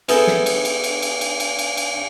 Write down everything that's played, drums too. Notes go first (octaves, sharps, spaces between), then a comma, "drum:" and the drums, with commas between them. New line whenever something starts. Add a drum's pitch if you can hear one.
B3 E4 G#4 A4 G5 A5, drum: cymbal
drum: snare
drum: cymbal
drum: cymbal
drum: cymbal
drum: cymbal
drum: cymbal
drum: cymbal
drum: cymbal
drum: cymbal